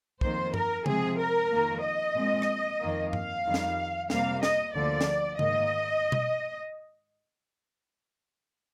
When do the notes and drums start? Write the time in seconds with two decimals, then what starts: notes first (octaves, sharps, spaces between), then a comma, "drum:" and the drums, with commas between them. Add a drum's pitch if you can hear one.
0.21 F2 D#3 A#3 C5, drum: kick
0.54 A#4, drum: tom G2
0.86 C3 F3 G#3 C4 G#4, drum: tom C#3
1.18 A#4
1.51 F2 D#3 A#3
1.83 D#5
2.15 A#2 F3 G#3 C4
2.42 drum: rim click
2.80 F2 D#3 A#3
3.13 F5, drum: tom G2
3.45 F2 D#3 G3
3.54 drum: snare
4.10 F2 C3 G3 A#3 F5, drum: snare
4.43 D#5, drum: snare
4.75 D2 D3 F3 A#3 D5
5.01 drum: snare
5.39 G#2 D#3 A#3 D#5, drum: tom C#3
6.12 drum: tom B2